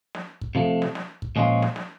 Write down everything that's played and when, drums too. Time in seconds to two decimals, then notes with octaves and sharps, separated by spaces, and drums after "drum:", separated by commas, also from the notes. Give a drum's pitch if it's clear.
0.15 drum: snare
0.41 drum: kick
0.55 C3 F3 A3
0.82 drum: snare
0.95 drum: snare
1.22 drum: kick
1.36 A#2 F3 G#3 C#4 F4
1.62 drum: snare
1.76 drum: snare